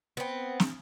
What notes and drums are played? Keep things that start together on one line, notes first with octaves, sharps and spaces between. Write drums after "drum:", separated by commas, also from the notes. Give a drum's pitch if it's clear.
B3 C4
drum: snare